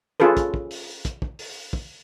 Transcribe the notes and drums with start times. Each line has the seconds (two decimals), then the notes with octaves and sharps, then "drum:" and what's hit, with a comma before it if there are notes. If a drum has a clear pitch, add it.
0.20 C#4 F4 G#4 A4 B4
0.37 drum: kick, hi-hat
0.54 drum: kick
0.71 drum: open hi-hat
1.05 drum: kick, hi-hat
1.22 drum: kick
1.39 drum: open hi-hat
1.73 drum: kick